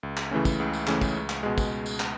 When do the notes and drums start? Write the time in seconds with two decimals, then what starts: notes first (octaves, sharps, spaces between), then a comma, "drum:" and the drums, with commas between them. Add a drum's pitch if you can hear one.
0.03 C#2
0.17 drum: clap
0.31 C#3 E3 A3 C#4
0.45 drum: kick, tambourine
0.60 C#2
0.73 drum: tambourine
0.87 C#3 E3 A3 C#4, drum: clap
1.01 drum: kick, tambourine
1.16 C#2
1.30 drum: clap
1.43 B2 G#3
1.58 drum: kick, tambourine
1.86 drum: tambourine
2.00 drum: clap